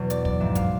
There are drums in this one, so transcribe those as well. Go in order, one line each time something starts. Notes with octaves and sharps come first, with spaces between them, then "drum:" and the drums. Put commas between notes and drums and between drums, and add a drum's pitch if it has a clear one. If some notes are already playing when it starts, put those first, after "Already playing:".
Already playing: E2 B2 F#3
D5, drum: hi-hat
D5, drum: kick
G#2 F3 E5
F5, drum: kick, hi-hat